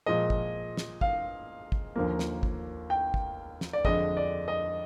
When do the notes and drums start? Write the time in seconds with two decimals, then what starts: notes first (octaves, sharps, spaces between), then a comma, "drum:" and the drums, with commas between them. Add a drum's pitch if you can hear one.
0.06 A#2 F3 G#3 D#5
0.30 drum: kick
0.77 drum: snare
1.01 F5, drum: kick
1.72 drum: kick
1.96 D#2 D3 F3 A#3
2.19 drum: snare
2.43 drum: kick
2.90 G5
3.14 drum: kick
3.61 drum: snare
3.73 D5
3.85 F2 D3 G#3 D#5, drum: kick
4.17 D5
4.48 D#5